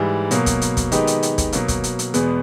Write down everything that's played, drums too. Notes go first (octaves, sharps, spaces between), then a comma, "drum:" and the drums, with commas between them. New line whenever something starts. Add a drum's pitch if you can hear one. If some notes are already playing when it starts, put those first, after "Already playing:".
Already playing: G#2 E3 G3
B2 F#3 A#3, drum: hi-hat
drum: kick, hi-hat
drum: hi-hat
drum: kick, hi-hat
D#3 G#3 B3 D#4 G4, drum: hi-hat
drum: hi-hat
drum: hi-hat
drum: kick, hi-hat
B2 F#3 A#3, drum: hi-hat
drum: kick, hi-hat
drum: hi-hat
drum: hi-hat
E2 B2 G#3 B3, drum: hi-hat